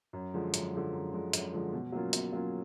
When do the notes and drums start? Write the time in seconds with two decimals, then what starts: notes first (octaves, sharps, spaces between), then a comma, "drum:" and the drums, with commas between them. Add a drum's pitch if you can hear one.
0.13 F#2
0.34 D3 F3 G#3
0.54 F#2, drum: hi-hat
0.73 D3 F3 G#3
0.93 F#2
1.13 D3 F3 G#3
1.33 F#2, drum: hi-hat
1.53 D3 F3 G#3
1.73 B2
1.92 F#3 A#3 C#4 F4
2.13 B2, drum: hi-hat
2.32 F#3 A#3 C#4 F4